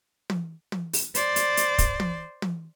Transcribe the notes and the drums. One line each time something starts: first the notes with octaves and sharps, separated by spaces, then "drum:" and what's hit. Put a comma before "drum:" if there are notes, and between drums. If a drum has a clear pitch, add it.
drum: tom
drum: tom
drum: open hi-hat
C5 D5, drum: hi-hat
drum: hi-hat
drum: hi-hat
drum: kick, hi-hat
drum: tom
drum: tom